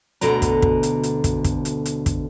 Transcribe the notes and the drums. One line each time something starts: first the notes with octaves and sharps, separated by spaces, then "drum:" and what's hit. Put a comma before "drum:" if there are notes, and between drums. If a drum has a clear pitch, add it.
D2 B2 D3 A#5, drum: hi-hat
drum: kick, hi-hat
drum: kick
drum: hi-hat
drum: hi-hat
drum: kick, hi-hat
drum: kick, hi-hat
drum: hi-hat
drum: hi-hat
drum: kick, hi-hat